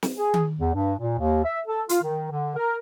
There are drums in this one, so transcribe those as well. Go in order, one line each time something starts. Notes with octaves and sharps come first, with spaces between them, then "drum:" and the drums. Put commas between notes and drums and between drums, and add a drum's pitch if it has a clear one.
drum: snare
G#4
drum: tom D#3
E2
G2
A#2
D#2
E5
A4
F4, drum: hi-hat
D#3
D3
A#4